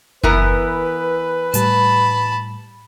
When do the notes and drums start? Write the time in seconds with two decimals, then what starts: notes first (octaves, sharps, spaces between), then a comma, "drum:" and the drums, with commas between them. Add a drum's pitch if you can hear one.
0.23 E3 B3 A#4 B4, drum: kick F#1
1.54 A2 G3 A5 B5, drum: hi-hat